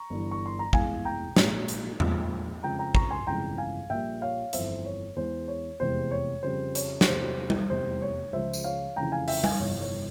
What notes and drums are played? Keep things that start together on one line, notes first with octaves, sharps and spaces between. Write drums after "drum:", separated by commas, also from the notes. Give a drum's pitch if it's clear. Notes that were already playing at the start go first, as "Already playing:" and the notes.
Already playing: A#5 C#6
G1 G2 E3
C#6
C6
A#5
F1 E2 E3 G#3 F5 G#5, drum: kick
G5 A#5
A#1 G#2 F3 G#3, drum: snare
drum: hi-hat
A#1 G#2 F3 G#3, drum: tom E2
F2 C#3 F3 G#3 G5 A#5
G5 A#5
A#5 C#6, drum: kick
G#5 C6
G1 F2 C#3 E3 G#3 G5 A#5
F5 G#5
A#1 A#2 G3 E5 G5
C#5 F5
G1 F2 E3 C5 E5, drum: hi-hat
C#5
E2 E3 G#3 C5
C#5
F1 E2 C3 E3 G#3 C5
C#5
F2 C#3 G3 C5
C#5, drum: hi-hat
C#5, drum: snare
E2 C3 G3 C5
drum: tom G3
F1 E2 C3 G3 C5
C#5
C#2 C#3 F3 G#3 C5 E5
drum: tambourine
C#5 F5
F1 F2 C#3 E3 G5 A#5
F5 G#5
E5 G5, drum: open hi-hat
F5 G#5, drum: tom G3
G1 F2 C3 E3 C#5 F5
C#5